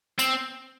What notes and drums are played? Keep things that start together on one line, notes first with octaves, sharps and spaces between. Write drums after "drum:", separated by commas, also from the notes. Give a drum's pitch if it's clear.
C4, drum: tambourine